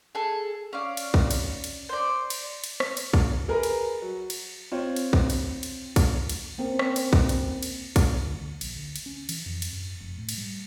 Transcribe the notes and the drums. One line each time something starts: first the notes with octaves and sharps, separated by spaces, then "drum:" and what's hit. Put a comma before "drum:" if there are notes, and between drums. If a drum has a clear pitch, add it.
G#4 A4
C#4 D5 F5
drum: cymbal
drum: kick
drum: cymbal
drum: cymbal
C5 D5
drum: cymbal
drum: cymbal
drum: rim click
drum: cymbal
drum: kick
G#4 A#4 B4 A#5
drum: cymbal
F#3
drum: cymbal
C4 F4 C#5
drum: cymbal
drum: kick
drum: cymbal
drum: cymbal
drum: kick, cymbal
drum: cymbal
A#3 C4 C#4 A#4
drum: rim click
drum: cymbal
drum: kick
drum: cymbal
drum: cymbal
drum: kick, cymbal
D2
D2
A#1, drum: cymbal
D2
drum: cymbal
C#4
E3, drum: cymbal
F2
drum: cymbal
F#2
F1
A2
drum: cymbal
G3